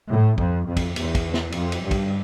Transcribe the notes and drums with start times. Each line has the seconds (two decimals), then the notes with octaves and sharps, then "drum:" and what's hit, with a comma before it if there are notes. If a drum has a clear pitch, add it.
0.10 A2
0.38 F2, drum: kick
0.66 F2
0.77 drum: kick, cymbal
0.96 E2, drum: cymbal
1.15 drum: kick, cymbal
1.34 drum: snare
1.52 F2, drum: cymbal
1.72 drum: cymbal
1.82 G2
1.91 drum: kick, cymbal